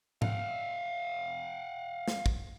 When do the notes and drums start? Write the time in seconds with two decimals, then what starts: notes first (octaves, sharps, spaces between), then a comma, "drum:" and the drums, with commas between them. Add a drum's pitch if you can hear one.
0.22 F5 F#5, drum: tom G#2
2.08 drum: snare
2.26 drum: kick